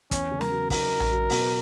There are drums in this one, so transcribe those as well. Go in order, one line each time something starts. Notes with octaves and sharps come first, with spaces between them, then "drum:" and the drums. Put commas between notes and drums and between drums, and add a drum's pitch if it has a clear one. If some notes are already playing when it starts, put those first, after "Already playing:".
E2 C#4, drum: kick, hi-hat
C#3
A#4, drum: snare
F#3
D#4 A#4, drum: kick, open hi-hat
D#4
drum: tom A#1
F#3
B2, drum: open hi-hat